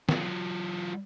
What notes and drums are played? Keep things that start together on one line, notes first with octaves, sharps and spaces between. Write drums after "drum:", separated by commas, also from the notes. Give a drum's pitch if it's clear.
F#3 F4, drum: snare